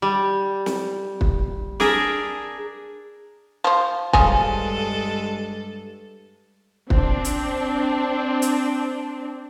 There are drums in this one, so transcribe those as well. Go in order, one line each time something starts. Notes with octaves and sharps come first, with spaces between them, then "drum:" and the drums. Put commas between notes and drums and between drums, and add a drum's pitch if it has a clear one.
G3
drum: snare
drum: kick
D4 G#4 A#4 E5, drum: snare
F3 C5
G2 C#3 F3 G#3 A4 G#5, drum: kick
C4 D4, drum: kick
drum: hi-hat
drum: hi-hat